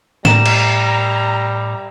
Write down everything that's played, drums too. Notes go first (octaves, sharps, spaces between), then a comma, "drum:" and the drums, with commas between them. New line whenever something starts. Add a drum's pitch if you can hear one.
A2 G3 A#5 E7, drum: snare
drum: cymbal